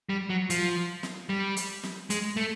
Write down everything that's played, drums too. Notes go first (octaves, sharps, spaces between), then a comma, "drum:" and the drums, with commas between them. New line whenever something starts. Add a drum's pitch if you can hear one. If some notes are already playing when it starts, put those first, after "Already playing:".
G3
F#3
F3, drum: hi-hat
drum: snare
G3
drum: hi-hat
drum: snare
G#3, drum: hi-hat
A3